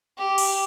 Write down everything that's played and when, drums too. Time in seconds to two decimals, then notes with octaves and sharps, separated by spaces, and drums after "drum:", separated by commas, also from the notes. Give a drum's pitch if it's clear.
0.18 G4
0.38 drum: cymbal